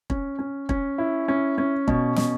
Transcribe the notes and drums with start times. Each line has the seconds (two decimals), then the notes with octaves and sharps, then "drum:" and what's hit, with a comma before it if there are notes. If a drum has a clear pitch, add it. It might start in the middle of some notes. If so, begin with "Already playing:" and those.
0.10 C#4, drum: kick
0.39 C#4
0.69 C#4, drum: kick
0.98 E4
1.28 C#4
1.58 C#4
1.88 B2, drum: kick
2.16 B2, drum: snare